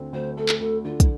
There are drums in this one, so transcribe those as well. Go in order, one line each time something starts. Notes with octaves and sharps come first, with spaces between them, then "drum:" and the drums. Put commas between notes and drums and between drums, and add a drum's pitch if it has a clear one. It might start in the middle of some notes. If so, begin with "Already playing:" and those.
Already playing: D2 D3 C4
D2 C5
A3 A4
drum: clap
D2 A4
D3 F4
E4, drum: kick, hi-hat